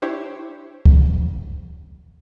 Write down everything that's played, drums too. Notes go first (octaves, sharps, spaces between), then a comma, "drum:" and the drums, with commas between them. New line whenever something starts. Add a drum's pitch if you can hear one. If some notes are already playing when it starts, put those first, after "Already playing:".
D4 E4 G4 C5 C#5
drum: kick